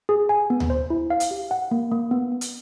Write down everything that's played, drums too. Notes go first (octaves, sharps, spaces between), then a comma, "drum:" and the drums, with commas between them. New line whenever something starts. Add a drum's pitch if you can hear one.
G#4
G#5
B3
drum: tom D2
C5
E4
F5
drum: hi-hat
G4
F#5
A#3
A#3
B3
B3
drum: hi-hat